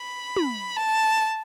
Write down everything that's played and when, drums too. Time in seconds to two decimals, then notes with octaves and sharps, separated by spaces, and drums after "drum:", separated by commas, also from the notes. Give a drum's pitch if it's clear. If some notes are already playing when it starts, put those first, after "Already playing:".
Already playing: B5
0.37 drum: tom
0.77 A5